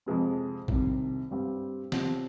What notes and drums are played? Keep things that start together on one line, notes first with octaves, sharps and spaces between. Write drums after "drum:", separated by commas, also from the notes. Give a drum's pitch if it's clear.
F2 C3 F3 G#3 C4
C2 C3 D#3, drum: kick
G2 G3 C4 G4
C3 F3 C4 G4, drum: snare